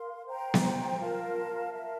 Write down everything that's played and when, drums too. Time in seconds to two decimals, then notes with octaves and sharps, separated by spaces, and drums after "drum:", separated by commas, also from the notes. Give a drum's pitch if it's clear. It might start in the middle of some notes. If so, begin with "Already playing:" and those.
Already playing: A#4 F5 C6
0.25 C5 G5 A#5
0.54 drum: snare B3
1.00 F4 A#4 F5 A5
1.73 A#4 E5 A5